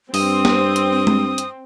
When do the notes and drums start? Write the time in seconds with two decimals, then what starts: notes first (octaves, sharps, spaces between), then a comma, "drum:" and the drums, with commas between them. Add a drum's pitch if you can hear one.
0.14 G2 C4 D#6, drum: open hi-hat
0.45 drum: snare B3
0.76 drum: hi-hat
1.07 drum: tom G#3
1.38 drum: hi-hat